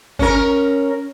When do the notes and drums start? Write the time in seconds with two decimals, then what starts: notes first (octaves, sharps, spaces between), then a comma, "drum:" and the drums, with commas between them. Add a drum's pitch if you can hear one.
0.19 C#4 A#4, drum: kick G1